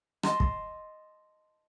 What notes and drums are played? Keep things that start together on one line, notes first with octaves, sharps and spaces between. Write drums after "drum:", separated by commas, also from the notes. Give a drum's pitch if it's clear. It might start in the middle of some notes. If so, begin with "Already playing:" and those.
D#5 A5 C6, drum: rim click
drum: kick